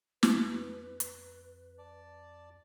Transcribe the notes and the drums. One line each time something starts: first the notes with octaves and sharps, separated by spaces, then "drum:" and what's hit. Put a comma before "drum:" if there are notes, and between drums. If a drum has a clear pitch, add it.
F2 B4, drum: snare
drum: hi-hat
D5 A5